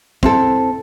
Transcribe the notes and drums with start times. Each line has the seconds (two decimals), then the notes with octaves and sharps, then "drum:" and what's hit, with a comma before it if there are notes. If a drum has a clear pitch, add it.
0.23 C4 E4 A4, drum: kick